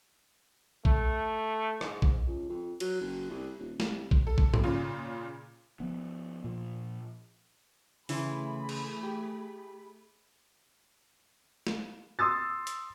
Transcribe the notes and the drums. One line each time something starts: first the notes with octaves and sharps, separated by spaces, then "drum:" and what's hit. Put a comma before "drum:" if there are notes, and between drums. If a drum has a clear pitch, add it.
A3, drum: kick A1
G#2, drum: rim click
drum: kick A1
C#2
F2
F#3, drum: cymbal
F#1
C2
D#1
C2, drum: snare
drum: kick A1
A4
drum: kick A1
drum: tom G#2
A#2 C#3 F4
F3 B3
A#2 F3
C#3 E3 A3 C#4 G#4 B5 C6, drum: open hi-hat
drum: cymbal
G4
drum: snare
C6 D#6 E6 A6
drum: hi-hat